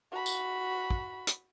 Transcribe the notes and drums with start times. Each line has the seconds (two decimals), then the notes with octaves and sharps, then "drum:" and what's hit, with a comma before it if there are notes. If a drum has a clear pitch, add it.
0.12 F#4 B5
0.26 drum: tambourine
0.90 drum: kick
1.27 drum: hi-hat